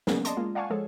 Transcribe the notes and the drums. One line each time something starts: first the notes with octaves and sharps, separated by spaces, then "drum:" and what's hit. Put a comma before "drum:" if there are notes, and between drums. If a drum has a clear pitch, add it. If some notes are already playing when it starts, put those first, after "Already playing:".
F#3 A#3 B3 C#4 G#4 A#4, drum: snare
D5 D#5 A5 C6, drum: hi-hat
G#3 A#3 F4
D5 F5 F#5 G#5 A5 C#6
F3 G#3 G#4 A4 C#5